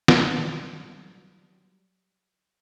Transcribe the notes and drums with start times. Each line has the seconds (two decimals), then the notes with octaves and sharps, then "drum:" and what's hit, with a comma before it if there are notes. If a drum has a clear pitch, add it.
0.08 F#3 G3, drum: snare